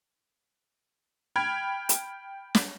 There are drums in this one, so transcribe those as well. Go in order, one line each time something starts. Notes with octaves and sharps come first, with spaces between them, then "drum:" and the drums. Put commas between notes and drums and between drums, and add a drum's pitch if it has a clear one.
G5 B5 F6 G#6
drum: hi-hat
drum: snare